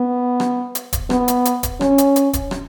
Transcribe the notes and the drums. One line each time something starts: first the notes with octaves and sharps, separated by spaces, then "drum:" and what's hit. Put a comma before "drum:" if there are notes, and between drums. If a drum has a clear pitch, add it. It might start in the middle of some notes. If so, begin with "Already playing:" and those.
Already playing: B3
drum: rim click
drum: hi-hat
drum: kick D#1, hi-hat
B3, drum: rim click
drum: hi-hat
drum: hi-hat
drum: kick D#1, hi-hat
C#4, drum: rim click
drum: hi-hat
drum: hi-hat
drum: kick D#1, hi-hat
drum: rim click